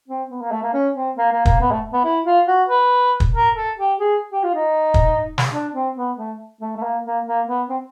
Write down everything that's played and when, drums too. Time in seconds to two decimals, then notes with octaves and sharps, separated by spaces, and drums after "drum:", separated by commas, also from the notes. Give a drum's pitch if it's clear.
0.08 C4
0.31 B3
0.41 A#3
0.51 A3
0.63 A#3
0.73 C#4
0.95 C4
1.17 A#3
1.32 A#3
1.45 A#3, drum: kick
1.61 B3
1.71 A3
1.93 B3
2.04 E4
2.25 F4
2.48 F#4
2.69 B4
3.20 drum: kick
3.35 A#4
3.56 A4
3.78 G4
4.00 G#4
4.32 G4
4.43 F4
4.55 D#4
4.94 drum: kick
5.38 drum: snare
5.52 D4
5.74 C4
5.96 B3
6.17 A3
6.61 A3
6.77 A3
6.83 A#3
7.05 A#3
7.26 A#3
7.47 B3
7.69 C4